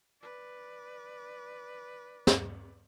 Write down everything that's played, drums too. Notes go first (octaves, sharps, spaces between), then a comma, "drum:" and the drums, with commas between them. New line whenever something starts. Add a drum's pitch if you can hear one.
B4 D5
drum: snare